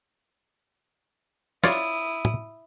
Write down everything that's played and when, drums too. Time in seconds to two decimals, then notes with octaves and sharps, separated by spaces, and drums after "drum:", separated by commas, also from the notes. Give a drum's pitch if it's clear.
1.64 E4 F4 C#5 D5 D#6, drum: snare
2.25 drum: tom